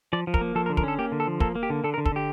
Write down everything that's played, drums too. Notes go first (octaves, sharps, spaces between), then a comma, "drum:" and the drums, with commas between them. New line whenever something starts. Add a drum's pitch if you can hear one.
F3 D5
F3
A#4, drum: kick
A#3
F3 A4
A#4
D3
A#4, drum: kick
C#4 A4
A#3 G4
D3
A4
F3
A#3 A4, drum: kick
A#3
G4
D3
D3 A4
A#4
D3
A4, drum: kick
D3 G4